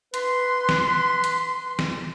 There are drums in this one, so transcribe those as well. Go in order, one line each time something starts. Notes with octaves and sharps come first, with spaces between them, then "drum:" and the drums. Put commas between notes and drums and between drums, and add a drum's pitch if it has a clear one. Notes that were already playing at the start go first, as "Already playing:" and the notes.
B4 C6, drum: hi-hat
drum: snare
drum: hi-hat
drum: snare